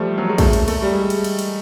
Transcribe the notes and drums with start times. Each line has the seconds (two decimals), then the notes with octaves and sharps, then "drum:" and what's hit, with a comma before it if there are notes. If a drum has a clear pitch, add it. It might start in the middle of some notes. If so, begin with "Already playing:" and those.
Already playing: F3 G3 A3
0.17 F#3
0.29 G#3
0.38 A3, drum: kick, cymbal
0.53 drum: cymbal
0.68 A3, drum: cymbal
0.82 G3
0.92 G#3
1.10 drum: cymbal
1.24 drum: cymbal
1.39 drum: cymbal